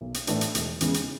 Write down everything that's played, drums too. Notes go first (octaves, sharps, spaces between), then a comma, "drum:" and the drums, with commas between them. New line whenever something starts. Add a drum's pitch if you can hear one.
B1
drum: hi-hat
A2 E3 A3 D4, drum: hi-hat
drum: hi-hat
E1, drum: hi-hat
E2 C#3 G#3, drum: hi-hat
drum: hi-hat